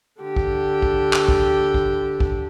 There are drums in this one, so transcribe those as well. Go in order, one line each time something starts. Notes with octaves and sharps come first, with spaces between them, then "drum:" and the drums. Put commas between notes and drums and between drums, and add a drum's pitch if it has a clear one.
D3 G4
drum: kick
drum: kick
drum: clap
drum: kick
drum: kick
drum: kick